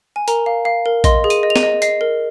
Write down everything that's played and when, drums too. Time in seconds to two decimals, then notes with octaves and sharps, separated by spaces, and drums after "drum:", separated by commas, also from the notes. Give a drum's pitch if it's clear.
0.16 G#5
0.28 A#4 A#5, drum: hi-hat
0.46 F5
0.65 F5
0.86 A#4
1.04 D#5 C6, drum: kick A#1, hi-hat
1.24 G#4
1.30 D#7, drum: hi-hat
1.43 D#5
1.50 F7
1.56 D#7, drum: snare
1.63 D#5
1.82 D#5 C7, drum: hi-hat
2.01 A#4